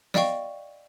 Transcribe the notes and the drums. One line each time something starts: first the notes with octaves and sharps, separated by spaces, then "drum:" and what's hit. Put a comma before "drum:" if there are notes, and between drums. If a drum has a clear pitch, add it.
D5 D#5 F5 G5 C#6, drum: snare